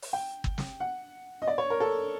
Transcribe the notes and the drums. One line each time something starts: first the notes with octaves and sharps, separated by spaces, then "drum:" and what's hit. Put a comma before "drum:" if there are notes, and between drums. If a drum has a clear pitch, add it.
drum: open hi-hat
G5
drum: kick
drum: snare
F#5
D#5
D5
C#5
A#4
A4